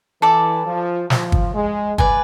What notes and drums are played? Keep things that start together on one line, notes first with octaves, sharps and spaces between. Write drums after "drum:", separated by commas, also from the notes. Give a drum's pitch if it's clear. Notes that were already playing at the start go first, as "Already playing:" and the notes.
E3 A4 D5 A5 D6
F3
F3, drum: snare
drum: kick
G#3
B4 D5 G#5, drum: kick